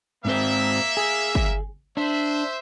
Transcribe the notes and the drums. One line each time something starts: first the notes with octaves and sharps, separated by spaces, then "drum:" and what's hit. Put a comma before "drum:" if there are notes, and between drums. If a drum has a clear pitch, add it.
G#2 A#3 C4 C5 E5
G#4 G#5
drum: kick
D4 C5 E5